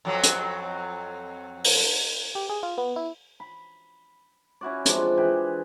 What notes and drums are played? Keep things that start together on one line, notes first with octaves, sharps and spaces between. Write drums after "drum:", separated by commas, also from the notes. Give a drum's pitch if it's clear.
F2 F#3 C4
drum: hi-hat
drum: open hi-hat
G4
G#4
F4
B3
E4
B5
C#4 E4 F#4 D5
C3 F3 G#3 D4, drum: hi-hat
E3 G#4 B4 G5